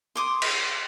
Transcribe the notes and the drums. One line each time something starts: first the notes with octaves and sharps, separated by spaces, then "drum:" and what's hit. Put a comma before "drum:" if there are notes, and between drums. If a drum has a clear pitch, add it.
C6 D6 D#6
drum: cymbal